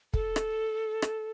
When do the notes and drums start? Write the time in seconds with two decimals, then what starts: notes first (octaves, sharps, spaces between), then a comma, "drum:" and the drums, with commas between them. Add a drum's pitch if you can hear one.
0.13 A4, drum: kick
0.36 drum: rim click
1.02 drum: rim click